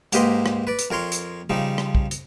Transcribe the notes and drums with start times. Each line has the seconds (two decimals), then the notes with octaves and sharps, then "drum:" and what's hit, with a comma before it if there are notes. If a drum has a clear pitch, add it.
0.12 G#2 A#3 G4 B4 D#5 C6, drum: hi-hat
0.46 drum: rim click
0.67 B4 D5
0.79 drum: hi-hat
0.91 F2 A#4 C#5 C6
1.12 drum: hi-hat
1.50 C#3 F3 G3 D#4
1.78 drum: rim click
1.95 drum: kick
2.11 drum: hi-hat